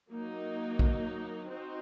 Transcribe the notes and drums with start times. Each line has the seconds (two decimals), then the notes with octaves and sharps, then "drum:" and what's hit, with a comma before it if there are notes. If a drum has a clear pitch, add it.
0.10 F#3 A#3 D#4
0.79 drum: kick
1.49 C4 D#4 F#4 C5